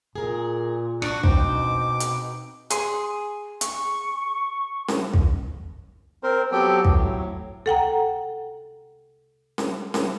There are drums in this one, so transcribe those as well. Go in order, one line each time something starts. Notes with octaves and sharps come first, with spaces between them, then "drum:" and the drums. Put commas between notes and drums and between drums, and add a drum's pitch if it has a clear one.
A#2 G#4 A#4
D4 F#4, drum: rim click
B2 C4 D#4 C5 D6, drum: kick
drum: hi-hat
G#4 C6, drum: hi-hat
C#6, drum: hi-hat
drum: snare C#4
drum: kick
C4 A#4 C5
F#3 B3 C4 G4 A4 G5
A2 F#3, drum: kick
A4 F#5 G5 A#5
drum: snare C#4
drum: snare C#4